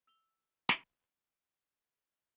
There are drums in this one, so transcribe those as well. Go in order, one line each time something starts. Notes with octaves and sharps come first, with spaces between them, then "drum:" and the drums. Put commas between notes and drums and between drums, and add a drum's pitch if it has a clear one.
E6 F7 G7
drum: snare